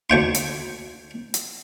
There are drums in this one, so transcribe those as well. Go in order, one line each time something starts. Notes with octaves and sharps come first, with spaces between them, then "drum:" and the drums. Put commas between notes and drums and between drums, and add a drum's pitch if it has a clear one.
D2 C#5 G5 C6
drum: hi-hat
drum: hi-hat